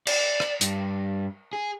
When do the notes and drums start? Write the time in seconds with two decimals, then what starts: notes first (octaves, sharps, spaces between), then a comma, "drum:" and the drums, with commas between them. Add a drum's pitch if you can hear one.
0.07 D5, drum: cymbal
0.40 drum: rim click
0.61 G2, drum: hi-hat
1.53 G#4